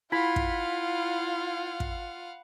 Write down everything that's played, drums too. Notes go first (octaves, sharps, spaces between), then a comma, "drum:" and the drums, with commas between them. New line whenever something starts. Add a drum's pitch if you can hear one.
E4 F4 F5 F#5 B5
drum: kick
drum: kick